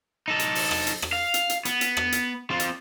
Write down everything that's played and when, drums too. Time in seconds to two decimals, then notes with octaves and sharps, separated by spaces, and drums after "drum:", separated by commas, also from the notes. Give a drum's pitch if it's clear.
0.28 D#4 A4
0.39 drum: hi-hat
0.55 drum: open hi-hat
0.71 drum: rim click
0.87 drum: hi-hat
1.02 drum: rim click
1.13 F5
1.34 drum: hi-hat
1.50 drum: hi-hat
1.65 B3, drum: hi-hat
1.81 drum: hi-hat
1.97 drum: rim click
2.12 drum: hi-hat
2.50 C4 F4
2.60 drum: hi-hat